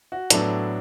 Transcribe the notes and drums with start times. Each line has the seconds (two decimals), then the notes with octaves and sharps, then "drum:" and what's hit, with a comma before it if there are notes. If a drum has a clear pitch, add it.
0.12 F#4
0.30 A2 F#3 B3 D4 A4, drum: hi-hat